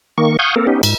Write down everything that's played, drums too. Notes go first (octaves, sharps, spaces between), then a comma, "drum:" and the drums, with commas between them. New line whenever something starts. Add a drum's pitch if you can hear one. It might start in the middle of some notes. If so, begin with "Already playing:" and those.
D#3 A#3 C#6
F5 F#5 G#5 C#6 D#6 G6
A#3 C4 A4 A#4
B3 C#4 D#4 G4
G#2, drum: cymbal